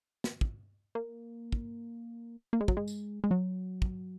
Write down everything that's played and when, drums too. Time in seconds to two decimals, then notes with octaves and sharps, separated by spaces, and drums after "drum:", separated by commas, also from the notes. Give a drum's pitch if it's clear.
0.24 drum: snare
0.41 drum: kick
0.95 A#3
1.52 drum: kick
2.53 A#3
2.61 G#3
2.68 F#3, drum: kick
2.77 G#3
2.87 drum: tambourine
3.24 G#3
3.31 F#3
3.82 drum: kick